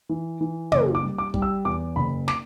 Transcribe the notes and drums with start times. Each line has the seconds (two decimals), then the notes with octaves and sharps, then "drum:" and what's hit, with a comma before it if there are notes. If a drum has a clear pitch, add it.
0.09 E3
0.41 E3
0.72 F#1 D6, drum: tom
0.95 D6
1.02 G3
1.18 D6
1.34 G3, drum: kick
1.42 E6
1.65 E2 D6
1.96 F#1 B5
2.28 D6, drum: snare